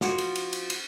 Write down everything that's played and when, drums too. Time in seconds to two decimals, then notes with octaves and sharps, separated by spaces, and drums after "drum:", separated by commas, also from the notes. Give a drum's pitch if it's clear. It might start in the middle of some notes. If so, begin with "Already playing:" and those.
0.01 F3 F#4, drum: snare
0.18 drum: cymbal
0.35 drum: cymbal
0.53 drum: cymbal
0.70 drum: cymbal